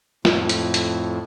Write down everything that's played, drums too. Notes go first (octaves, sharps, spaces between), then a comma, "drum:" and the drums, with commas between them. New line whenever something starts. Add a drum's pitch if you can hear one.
F2 A2, drum: snare
drum: hi-hat
drum: hi-hat